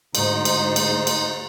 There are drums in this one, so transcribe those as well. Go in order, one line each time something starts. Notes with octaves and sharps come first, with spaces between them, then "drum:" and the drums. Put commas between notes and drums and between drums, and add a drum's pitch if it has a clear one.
D2 G#2 D#4 C5, drum: cymbal
drum: cymbal
drum: cymbal
drum: cymbal